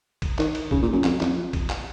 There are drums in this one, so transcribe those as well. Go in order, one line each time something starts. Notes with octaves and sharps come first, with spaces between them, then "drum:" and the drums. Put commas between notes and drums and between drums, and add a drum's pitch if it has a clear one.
drum: kick A#1, cymbal
D#3, drum: clap
drum: cymbal
C#3, drum: kick A#1
A#2
F#2
F2, drum: clap
F2, drum: clap
drum: kick A#1, cymbal
drum: clap